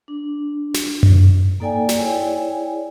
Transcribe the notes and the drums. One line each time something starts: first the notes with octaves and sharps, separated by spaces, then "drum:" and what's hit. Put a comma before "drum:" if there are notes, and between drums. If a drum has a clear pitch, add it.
D4
drum: snare
drum: tom F#2
A#3 D#4 A4 D5 G5 G#5
drum: snare
E4 G#4 C#5 D5 G5 G#5